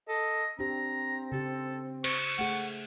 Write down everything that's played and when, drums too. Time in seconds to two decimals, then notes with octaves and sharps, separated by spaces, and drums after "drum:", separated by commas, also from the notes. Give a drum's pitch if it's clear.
0.08 A4 D#5
0.59 C4 D4 G4 A#5
1.32 C#3 G4 A4
2.04 C5 C#6, drum: cymbal
2.39 A3 G#4 F#5